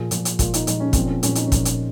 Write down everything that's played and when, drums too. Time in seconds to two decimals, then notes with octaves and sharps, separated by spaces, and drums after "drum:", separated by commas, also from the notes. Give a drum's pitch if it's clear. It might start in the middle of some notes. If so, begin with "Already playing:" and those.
Already playing: A#2 F3 G#4
0.11 A#2 F3, drum: hi-hat
0.25 drum: hi-hat
0.39 A#2 F3 F4, drum: kick, hi-hat
0.54 D#4, drum: hi-hat
0.67 A#2 F3 D#4, drum: hi-hat
0.80 C#4
0.93 A#2 F3 C4, drum: kick, hi-hat
1.06 C#4
1.23 A#2 F3 C#4, drum: hi-hat
1.35 D#4, drum: hi-hat
1.46 C#4
1.52 A#2 F3, drum: kick, hi-hat
1.65 drum: hi-hat